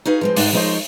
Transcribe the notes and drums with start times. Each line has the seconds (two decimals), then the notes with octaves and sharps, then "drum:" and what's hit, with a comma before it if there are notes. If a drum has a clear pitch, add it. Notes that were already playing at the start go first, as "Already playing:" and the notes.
0.05 D#4 F#4 G#4 B4 F5
0.21 F3 G#3 C4
0.37 G#2 G#3 D#4 D5 F#5, drum: open hi-hat
0.53 F3 G#3 B3 D#4 C5 C#5